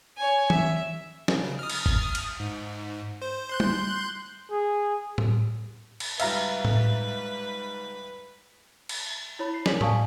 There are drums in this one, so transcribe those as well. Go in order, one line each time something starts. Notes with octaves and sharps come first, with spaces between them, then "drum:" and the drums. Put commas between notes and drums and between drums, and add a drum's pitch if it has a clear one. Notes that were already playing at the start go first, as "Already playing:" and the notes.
C#5 G#5
E5, drum: tom E3
drum: snare
C#3
D#6 F6
drum: cymbal
drum: kick
drum: cymbal
G#2
C5
C6 F#6 G6
drum: tom G3
G#4
drum: tom A2
drum: cymbal
C#2 G#2 G3 B4 E5 F5 A#5, drum: cymbal
drum: tom A2
drum: cymbal
E4 C#5 B5
C7
A#4 D5 B6 F#7, drum: snare
D5 F5 G#5 A5 C#6 D#6, drum: tom A2